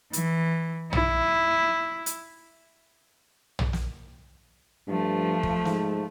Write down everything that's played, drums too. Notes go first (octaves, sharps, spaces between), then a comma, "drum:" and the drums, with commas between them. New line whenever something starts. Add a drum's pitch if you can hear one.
E3, drum: hi-hat
E4, drum: tom
drum: hi-hat
drum: tom
drum: snare
G2 F3 A3
drum: kick
G#2, drum: snare